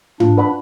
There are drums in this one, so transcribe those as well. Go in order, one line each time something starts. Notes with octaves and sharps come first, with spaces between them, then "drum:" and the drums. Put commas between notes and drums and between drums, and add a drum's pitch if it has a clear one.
D4 F4, drum: tom G#2
B4 D5 F#5 B5